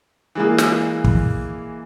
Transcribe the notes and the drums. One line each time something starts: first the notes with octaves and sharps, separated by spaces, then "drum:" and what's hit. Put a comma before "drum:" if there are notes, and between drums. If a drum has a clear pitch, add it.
E3 G#3 A#3
drum: snare
drum: kick